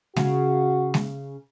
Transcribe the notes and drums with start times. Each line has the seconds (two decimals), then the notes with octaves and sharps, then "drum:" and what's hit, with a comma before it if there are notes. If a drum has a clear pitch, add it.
0.16 C#3 F#4, drum: snare G#3
0.94 drum: snare G#3